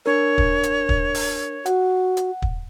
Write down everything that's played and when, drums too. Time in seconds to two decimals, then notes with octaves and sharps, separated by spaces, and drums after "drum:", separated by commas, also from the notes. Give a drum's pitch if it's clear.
0.06 D4 A#4 C#5
0.38 drum: kick
0.63 drum: hi-hat
0.89 drum: kick
1.14 drum: open hi-hat
1.66 F#4 F#5, drum: hi-hat
2.17 drum: hi-hat
2.42 drum: kick